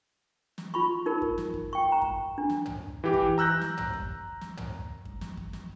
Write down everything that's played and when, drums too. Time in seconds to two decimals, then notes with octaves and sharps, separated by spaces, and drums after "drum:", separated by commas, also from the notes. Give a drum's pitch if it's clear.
0.58 drum: snare
0.74 F4 B5 C#6
1.06 D#4 A#4
1.22 drum: kick F#2
1.38 drum: snare
1.54 drum: kick F#2
1.73 G5 C#6
1.92 A#5
2.02 drum: kick F#2
2.38 D4
2.50 drum: snare
2.66 drum: tom
3.04 E3 G4
3.14 drum: kick F#2
3.38 A#5 E6 F#6 G6 A#6
3.61 drum: snare
3.77 drum: tom
3.93 drum: kick F#2
4.41 drum: snare
4.57 drum: tom
5.05 drum: kick F#2
5.21 drum: snare
5.37 drum: kick F#2
5.53 drum: snare